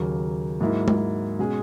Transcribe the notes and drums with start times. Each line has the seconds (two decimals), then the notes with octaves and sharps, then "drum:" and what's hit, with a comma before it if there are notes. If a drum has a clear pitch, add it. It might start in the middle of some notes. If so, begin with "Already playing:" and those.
Already playing: D#2 C#3 F#3 A#3
0.61 G#2 F#3 A#3 E4
0.88 drum: tom G#3
1.39 B2 G#3 C#4 G#4 D#5